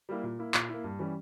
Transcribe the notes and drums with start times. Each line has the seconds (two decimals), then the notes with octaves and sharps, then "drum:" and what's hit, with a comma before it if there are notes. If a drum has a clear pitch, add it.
0.09 G3 A#3 E4
0.23 A#2
0.39 A#3 E4
0.54 A#2, drum: clap
0.69 A#3 E4
0.84 G2
0.99 E3 G3 C#4